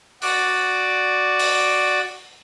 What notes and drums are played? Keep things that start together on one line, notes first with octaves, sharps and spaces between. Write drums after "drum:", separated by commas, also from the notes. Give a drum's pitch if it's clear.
F#4 D5, drum: open hi-hat
drum: open hi-hat